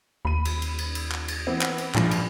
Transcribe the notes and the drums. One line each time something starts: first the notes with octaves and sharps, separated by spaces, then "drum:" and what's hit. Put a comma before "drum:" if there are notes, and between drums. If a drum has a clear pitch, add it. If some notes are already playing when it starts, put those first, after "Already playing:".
D#2 B5 D#7
drum: cymbal
drum: cymbal
drum: cymbal
drum: cymbal
drum: clap
drum: cymbal
E3 B3 C4
drum: clap
drum: cymbal
A#1 G2 A#2 F3, drum: clap
drum: cymbal